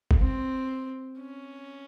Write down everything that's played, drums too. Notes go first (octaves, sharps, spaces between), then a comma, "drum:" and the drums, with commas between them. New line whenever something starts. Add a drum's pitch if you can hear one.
drum: kick G1
C4
C#4